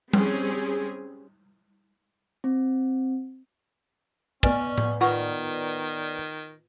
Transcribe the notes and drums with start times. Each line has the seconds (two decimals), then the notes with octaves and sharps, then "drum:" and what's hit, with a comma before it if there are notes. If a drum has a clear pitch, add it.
0.13 G3 C4 C#4 G#4, drum: tom G3
2.44 C4
4.43 B3 C#4 B4 D5 D#5 G#5, drum: kick
4.78 drum: tom A2
5.01 D#3 F4 B4 F#5 C#6 D#6